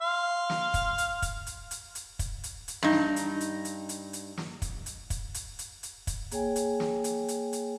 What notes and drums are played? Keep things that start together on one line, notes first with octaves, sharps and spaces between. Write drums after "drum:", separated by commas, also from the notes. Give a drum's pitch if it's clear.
F5 C6
drum: snare
drum: kick, hi-hat
drum: hi-hat
drum: kick, hi-hat
drum: hi-hat
drum: hi-hat
drum: hi-hat
drum: kick, hi-hat
drum: hi-hat
drum: hi-hat
G2 D#4
drum: snare
drum: hi-hat
drum: hi-hat
drum: hi-hat
drum: hi-hat
drum: hi-hat
drum: snare
drum: kick, hi-hat
drum: hi-hat
drum: kick, hi-hat
drum: hi-hat
drum: hi-hat
drum: hi-hat
drum: kick, hi-hat
A#3 G#4 C#5 G5 G#5, drum: hi-hat
drum: hi-hat
drum: snare
drum: hi-hat
drum: hi-hat
drum: hi-hat